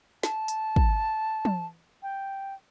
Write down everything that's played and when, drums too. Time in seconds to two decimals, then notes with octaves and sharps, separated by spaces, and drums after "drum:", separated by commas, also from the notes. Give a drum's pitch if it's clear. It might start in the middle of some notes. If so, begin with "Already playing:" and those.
0.23 A5, drum: snare
0.48 drum: hi-hat
0.76 drum: kick
1.45 drum: tom
2.03 G5